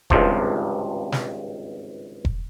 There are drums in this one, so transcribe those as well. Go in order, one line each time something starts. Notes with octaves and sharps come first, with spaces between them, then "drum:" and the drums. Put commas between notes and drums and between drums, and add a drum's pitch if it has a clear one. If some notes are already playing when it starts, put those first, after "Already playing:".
G#1 C#2 G2 C3 F3, drum: kick E1
drum: snare
drum: kick E1